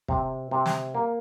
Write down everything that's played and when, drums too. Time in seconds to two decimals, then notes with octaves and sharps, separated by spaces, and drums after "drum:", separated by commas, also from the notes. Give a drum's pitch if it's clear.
0.08 C3, drum: kick
0.51 C3
0.66 drum: snare
0.95 A#3